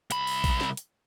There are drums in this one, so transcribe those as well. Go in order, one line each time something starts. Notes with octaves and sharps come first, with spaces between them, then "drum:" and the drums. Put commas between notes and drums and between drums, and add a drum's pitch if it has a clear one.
C2 B5, drum: hi-hat
drum: open hi-hat
drum: kick A#1, open hi-hat
drum: snare
drum: hi-hat